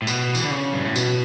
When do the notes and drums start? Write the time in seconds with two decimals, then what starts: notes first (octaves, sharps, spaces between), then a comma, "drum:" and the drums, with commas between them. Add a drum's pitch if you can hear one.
0.02 A2
0.07 B2, drum: tambourine
0.35 E3, drum: tambourine
0.42 D3
0.51 C#3
0.74 G2
0.85 A2
0.96 B2, drum: tambourine